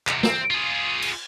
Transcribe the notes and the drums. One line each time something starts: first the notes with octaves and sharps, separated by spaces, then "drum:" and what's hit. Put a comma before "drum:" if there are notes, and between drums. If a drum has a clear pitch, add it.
E2 C3, drum: clap
C4, drum: snare
F4 G#4
drum: cymbal